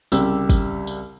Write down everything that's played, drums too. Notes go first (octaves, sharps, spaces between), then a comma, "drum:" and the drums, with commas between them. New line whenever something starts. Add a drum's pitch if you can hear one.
C2 C#3 G4 E6, drum: tambourine
drum: kick, tambourine
drum: tambourine